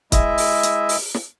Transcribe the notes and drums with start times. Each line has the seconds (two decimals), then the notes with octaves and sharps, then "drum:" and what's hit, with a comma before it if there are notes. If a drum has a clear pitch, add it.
0.12 G#3 E4 D#5 E5, drum: kick, hi-hat
0.38 drum: open hi-hat
0.63 drum: hi-hat
0.89 drum: open hi-hat
1.14 drum: snare